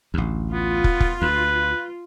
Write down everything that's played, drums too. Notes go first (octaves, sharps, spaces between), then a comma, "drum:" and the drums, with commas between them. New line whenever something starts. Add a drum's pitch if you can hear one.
A1 D2
B3 F4
drum: kick
drum: kick
D2 B4